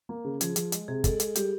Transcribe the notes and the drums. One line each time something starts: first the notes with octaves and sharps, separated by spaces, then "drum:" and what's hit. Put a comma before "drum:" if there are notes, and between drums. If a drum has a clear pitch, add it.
A#3
C#3
F3 G#4, drum: hi-hat
F3, drum: hi-hat
G#3, drum: hi-hat
C3 G#4
G#3 A4, drum: kick, hi-hat
G#3 G#4, drum: hi-hat
G3 G4, drum: hi-hat